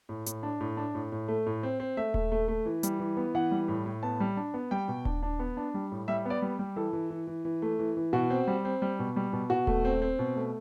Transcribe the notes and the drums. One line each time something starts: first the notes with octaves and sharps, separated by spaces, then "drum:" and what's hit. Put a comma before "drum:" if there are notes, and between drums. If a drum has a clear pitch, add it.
A2
A2, drum: hi-hat
D4
A2
D4
A2
A2
A3
A2
C4
C4
A3 E5
A3, drum: kick D#1
A3
A3
E3
G3, drum: hi-hat
E3
B3
E3 F#5
G3
A2
A2
B3 A5
G3
D4
B3
G3 G5
B2
D4, drum: kick D#1
D4
B3
D4
G3
A2
G3 E5
B3 D5
G3
G3
E3 A4
E3
E3
E3
E3
A3
E3
E3
B2 F#4
C4
G3
C4
G3
B2
G3
B2
B2 F#4
A3, drum: kick D#1
C4
C4
B2
A3